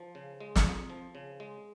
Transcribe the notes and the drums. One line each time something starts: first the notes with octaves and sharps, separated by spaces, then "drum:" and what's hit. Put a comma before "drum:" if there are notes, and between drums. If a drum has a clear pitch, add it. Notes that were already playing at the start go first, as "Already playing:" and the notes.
Already playing: F3
C#3
G#3
drum: snare
F2
F3
C#3
G#3